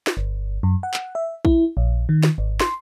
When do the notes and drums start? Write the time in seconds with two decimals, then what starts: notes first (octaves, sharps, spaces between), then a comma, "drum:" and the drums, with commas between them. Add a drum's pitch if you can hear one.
0.07 drum: snare
0.17 G1
0.63 F#2
0.83 F#5
0.94 drum: clap
1.15 E5
1.45 E4, drum: kick A#1
1.77 A#1
2.09 D#3
2.23 drum: snare
2.38 G#1
2.60 C6, drum: snare